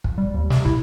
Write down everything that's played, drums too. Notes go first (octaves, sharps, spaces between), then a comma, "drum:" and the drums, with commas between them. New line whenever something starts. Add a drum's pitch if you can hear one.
drum: kick
G3
D#2
C3, drum: snare
E4, drum: kick